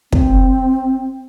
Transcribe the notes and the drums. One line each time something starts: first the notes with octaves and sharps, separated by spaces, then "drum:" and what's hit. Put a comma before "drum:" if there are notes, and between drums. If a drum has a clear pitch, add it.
C4, drum: kick